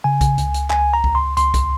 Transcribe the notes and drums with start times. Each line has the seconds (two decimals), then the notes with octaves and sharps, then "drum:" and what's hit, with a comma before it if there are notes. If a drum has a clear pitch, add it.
0.04 C#3 G#5
0.21 drum: kick B1, hi-hat
0.38 C#2, drum: hi-hat
0.54 drum: hi-hat
0.70 C#2 G#5, drum: clap
0.94 A#5
1.04 C#2, drum: kick B1
1.15 C6
1.37 C#2 C6, drum: hi-hat
1.54 drum: kick B1, hi-hat